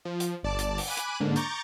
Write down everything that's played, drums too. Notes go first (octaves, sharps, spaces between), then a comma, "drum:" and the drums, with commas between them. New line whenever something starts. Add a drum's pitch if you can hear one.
F3
drum: hi-hat
G1 D5 A5 D6
drum: hi-hat
drum: open hi-hat
G#5 B5 D6 F#6 D#7
drum: hi-hat
G#2 D3 A#3 D4
A#5 C#6 D6 G6 A6, drum: hi-hat